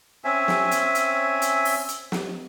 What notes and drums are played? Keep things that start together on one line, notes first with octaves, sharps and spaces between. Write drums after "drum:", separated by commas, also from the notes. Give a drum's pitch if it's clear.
C4 C#4 E5 G#5
drum: snare
drum: hi-hat
drum: hi-hat
drum: hi-hat
drum: open hi-hat
drum: hi-hat
drum: snare